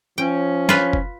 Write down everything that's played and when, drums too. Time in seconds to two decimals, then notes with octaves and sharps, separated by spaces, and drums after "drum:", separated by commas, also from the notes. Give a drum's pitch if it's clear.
0.18 F3 C#4 G5
0.69 F4 B4, drum: snare
0.93 drum: kick F#1